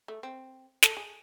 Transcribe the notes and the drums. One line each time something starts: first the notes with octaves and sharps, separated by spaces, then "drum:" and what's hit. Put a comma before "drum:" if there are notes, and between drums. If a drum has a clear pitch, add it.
A3
C4
A4, drum: snare
G#4